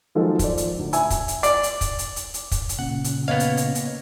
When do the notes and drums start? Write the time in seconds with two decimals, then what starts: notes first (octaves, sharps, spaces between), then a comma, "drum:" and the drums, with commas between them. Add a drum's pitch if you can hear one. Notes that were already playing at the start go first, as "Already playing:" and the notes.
0.15 D#3 F3 F#3 G#3 A#3 A4
0.39 F3 D5, drum: kick, hi-hat
0.57 drum: hi-hat
0.79 D2
0.93 E5 G#5 B5 E6, drum: hi-hat
1.10 drum: kick, hi-hat
1.28 drum: hi-hat
1.43 D5, drum: hi-hat
1.63 drum: hi-hat
1.81 drum: kick, hi-hat
1.99 drum: hi-hat
2.16 drum: hi-hat
2.34 drum: hi-hat
2.51 drum: kick, hi-hat
2.69 drum: hi-hat
2.79 A#2 C#3 F#5
3.04 drum: hi-hat
3.28 A#3 B3 C#5 D#5 F5
3.40 drum: hi-hat
3.57 drum: hi-hat
3.75 drum: hi-hat